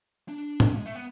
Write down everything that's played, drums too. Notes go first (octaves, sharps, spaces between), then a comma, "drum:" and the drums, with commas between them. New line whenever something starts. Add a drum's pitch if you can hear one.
D4
drum: tom
G#3
A3
B3